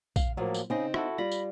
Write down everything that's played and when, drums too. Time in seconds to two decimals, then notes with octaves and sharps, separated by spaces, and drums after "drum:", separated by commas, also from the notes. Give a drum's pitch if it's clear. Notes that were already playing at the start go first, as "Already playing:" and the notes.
0.16 F5, drum: kick A#1, tambourine
0.37 A2 F3 F#3 A#3
0.54 drum: tambourine
0.70 C#3 C4 D#4 G#4 A#6
0.94 E4 F#4 A4, drum: rim click
1.18 G3 F4 B5 A#6
1.31 drum: tambourine